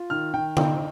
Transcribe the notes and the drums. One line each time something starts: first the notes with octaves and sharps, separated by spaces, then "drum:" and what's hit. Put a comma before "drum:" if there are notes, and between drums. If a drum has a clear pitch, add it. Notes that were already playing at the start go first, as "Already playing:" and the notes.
Already playing: F4
D#3 F6
D#3 G5
D#4 G5, drum: tom D3